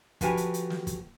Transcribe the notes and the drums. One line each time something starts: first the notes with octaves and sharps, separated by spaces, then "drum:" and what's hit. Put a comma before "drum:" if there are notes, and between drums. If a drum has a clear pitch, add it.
D3 F3 F#4 G4 B4 G#5, drum: kick, hi-hat
drum: hi-hat
drum: hi-hat
drum: snare
drum: kick, hi-hat